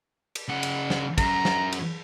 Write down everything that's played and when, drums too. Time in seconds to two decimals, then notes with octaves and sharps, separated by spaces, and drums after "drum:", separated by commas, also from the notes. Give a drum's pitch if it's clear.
0.35 drum: cymbal
0.48 C#3 F#5
0.63 drum: cymbal
0.90 drum: snare
1.18 F#2 A#5, drum: kick, cymbal
1.45 drum: snare
1.72 drum: cymbal